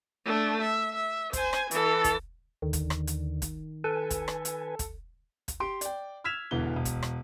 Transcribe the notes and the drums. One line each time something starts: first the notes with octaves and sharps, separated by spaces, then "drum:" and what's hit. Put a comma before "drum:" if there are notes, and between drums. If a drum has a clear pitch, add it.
A3 D4
E5
E5
C5 G#5, drum: kick, hi-hat
drum: rim click
E3 A4, drum: hi-hat
drum: kick, hi-hat
D#2 D3 D#3
drum: kick, hi-hat
drum: rim click
drum: hi-hat
drum: kick, hi-hat
A4 B4 G#5
drum: kick, hi-hat
drum: rim click
drum: hi-hat
drum: kick, hi-hat
drum: kick, hi-hat
G4 C6 D7
D5 G5, drum: hi-hat
E6 F6 G#6 B6 E7 F7
E1 E2 D3 E3 G7
E1
drum: kick, hi-hat
drum: rim click